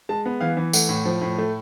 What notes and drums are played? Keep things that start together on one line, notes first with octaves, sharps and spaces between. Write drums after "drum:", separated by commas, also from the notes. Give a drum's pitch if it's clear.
G#3 A5
B3
E3 F5
E3
A3 F#5, drum: tambourine
A2
F3
A2
A3